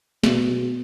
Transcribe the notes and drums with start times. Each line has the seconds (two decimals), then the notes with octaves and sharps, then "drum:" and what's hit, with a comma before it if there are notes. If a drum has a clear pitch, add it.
0.24 B2, drum: snare